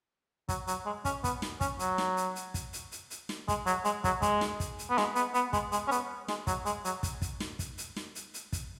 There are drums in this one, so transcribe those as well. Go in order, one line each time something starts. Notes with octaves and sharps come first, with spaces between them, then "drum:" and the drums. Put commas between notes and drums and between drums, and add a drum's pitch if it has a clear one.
F#3, drum: kick, hi-hat
F#3, drum: hi-hat
G#3
C#4, drum: kick, hi-hat
B3, drum: kick, hi-hat
drum: snare
C#4, drum: kick, hi-hat
F#3, drum: hi-hat
drum: snare
drum: hi-hat
drum: hi-hat
drum: kick, hi-hat
drum: hi-hat
drum: hi-hat
drum: hi-hat
drum: snare
G#3, drum: kick, hi-hat
F#3, drum: hi-hat
G#3, drum: hi-hat
F#3, drum: kick, hi-hat
G#3, drum: kick, hi-hat
drum: snare
drum: kick, hi-hat
drum: hi-hat
B3
G#3, drum: snare
B3, drum: hi-hat
B3, drum: hi-hat
G#3, drum: kick, hi-hat
G#3, drum: hi-hat
C#4
B3, drum: hi-hat
G#3, drum: snare
F#3, drum: kick, hi-hat
G#3, drum: hi-hat
F#3, drum: hi-hat
drum: kick, hi-hat
drum: kick, hi-hat
drum: snare
drum: kick, hi-hat
drum: hi-hat
drum: snare
drum: hi-hat
drum: hi-hat
drum: kick, hi-hat